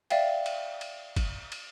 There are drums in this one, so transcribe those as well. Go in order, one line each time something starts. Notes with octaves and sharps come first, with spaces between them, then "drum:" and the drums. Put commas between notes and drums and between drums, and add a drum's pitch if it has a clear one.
D5 E5 F5 G5, drum: cymbal
drum: cymbal
drum: cymbal
drum: kick, cymbal
drum: cymbal